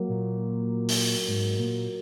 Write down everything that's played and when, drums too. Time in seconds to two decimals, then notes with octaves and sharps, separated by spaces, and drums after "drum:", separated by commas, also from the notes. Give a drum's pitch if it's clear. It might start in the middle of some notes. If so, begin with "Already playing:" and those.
Already playing: F#3 A#3
0.09 A#2
0.88 drum: open hi-hat
1.28 G#2
1.59 A#2